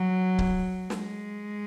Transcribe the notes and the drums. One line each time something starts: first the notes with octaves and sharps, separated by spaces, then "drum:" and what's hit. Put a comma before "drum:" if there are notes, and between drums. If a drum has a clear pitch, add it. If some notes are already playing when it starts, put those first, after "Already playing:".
Already playing: F#3
drum: kick C#1
G#3, drum: snare